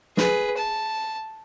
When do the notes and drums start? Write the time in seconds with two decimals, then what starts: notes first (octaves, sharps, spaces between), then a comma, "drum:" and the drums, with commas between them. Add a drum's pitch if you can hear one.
0.17 G#4 B4, drum: snare
0.57 A5